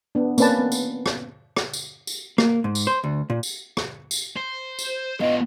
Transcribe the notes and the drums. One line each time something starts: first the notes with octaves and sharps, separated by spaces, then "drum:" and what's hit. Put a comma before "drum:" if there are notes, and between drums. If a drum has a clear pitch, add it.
B3 D4
A#3 C4 C#4 B4 D5 A5, drum: tambourine
B3
drum: tambourine
drum: rim click
drum: rim click
drum: tambourine
drum: tambourine
A#3, drum: rim click
G#2
drum: tambourine
C5
D2
A#2
drum: tambourine
drum: rim click
drum: tambourine
C5
drum: tambourine
B3 F4 D#5